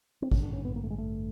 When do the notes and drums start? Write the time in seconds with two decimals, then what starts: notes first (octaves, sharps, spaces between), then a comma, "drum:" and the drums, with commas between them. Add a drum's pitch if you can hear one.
0.22 C4
0.31 A1 G2 D3 C#4, drum: kick
0.43 D4
0.53 C#4
0.65 B3
0.76 A#3
0.83 A3
0.90 G#3
0.98 A3